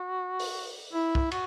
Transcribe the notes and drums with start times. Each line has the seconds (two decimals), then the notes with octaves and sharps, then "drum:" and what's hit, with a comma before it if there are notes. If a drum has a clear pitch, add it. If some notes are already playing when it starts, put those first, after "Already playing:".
Already playing: F#4
0.39 drum: open hi-hat
0.93 E4
1.15 drum: kick
1.31 F#4, drum: cymbal